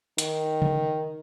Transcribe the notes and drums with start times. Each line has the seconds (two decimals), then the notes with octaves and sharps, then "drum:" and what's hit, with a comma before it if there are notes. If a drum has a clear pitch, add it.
0.18 D#3, drum: hi-hat
0.62 drum: tom C#3